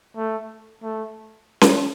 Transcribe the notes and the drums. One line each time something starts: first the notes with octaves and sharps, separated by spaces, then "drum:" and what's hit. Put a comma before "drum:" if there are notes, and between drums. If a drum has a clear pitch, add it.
A3
A3
drum: snare C#4